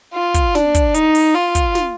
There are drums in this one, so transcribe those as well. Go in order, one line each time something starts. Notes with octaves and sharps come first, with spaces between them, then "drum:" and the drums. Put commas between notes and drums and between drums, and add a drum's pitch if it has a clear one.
F4
drum: kick, hi-hat
D4, drum: snare
drum: kick, hi-hat
D#4, drum: hi-hat
drum: open hi-hat
F4
drum: kick, hi-hat
drum: snare